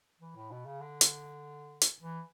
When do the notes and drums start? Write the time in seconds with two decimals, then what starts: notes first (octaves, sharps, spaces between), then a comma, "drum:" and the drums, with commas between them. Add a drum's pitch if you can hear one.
0.20 E3
0.35 A2
0.51 B2
0.65 C#3
0.80 D3
1.01 drum: hi-hat
1.81 drum: hi-hat
2.02 E3